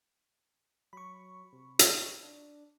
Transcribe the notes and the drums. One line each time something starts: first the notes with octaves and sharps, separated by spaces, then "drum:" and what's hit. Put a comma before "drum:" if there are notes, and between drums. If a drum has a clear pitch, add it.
F#3 B5 C#6
C3
drum: hi-hat
D4